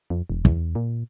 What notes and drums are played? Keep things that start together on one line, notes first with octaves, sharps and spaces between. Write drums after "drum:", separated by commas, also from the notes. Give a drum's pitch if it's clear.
F2
E1
E2, drum: kick
A#2